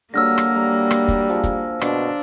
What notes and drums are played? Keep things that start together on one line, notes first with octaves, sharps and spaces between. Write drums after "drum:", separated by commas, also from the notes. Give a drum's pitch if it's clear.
D3 F#3 G3 A#3 E6 F6 A#6
drum: rim click
G3 A#5
drum: rim click
drum: kick, hi-hat
F3 F4 G#4
drum: kick, hi-hat
B2 D4 C6, drum: rim click